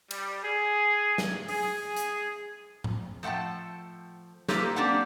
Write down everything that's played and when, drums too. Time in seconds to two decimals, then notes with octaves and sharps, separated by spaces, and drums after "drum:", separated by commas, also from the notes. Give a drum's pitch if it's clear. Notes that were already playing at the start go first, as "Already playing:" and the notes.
0.11 G3, drum: cymbal
0.43 G#4
1.18 drum: snare
1.48 G#4, drum: open hi-hat
1.97 drum: hi-hat
2.84 drum: tom A2
3.23 F3 A3 F#5 G5 A5
4.49 A#3 D#4 F4 G4 A4 B4, drum: snare
4.76 A#3 C4 D4 G4 D5 F#5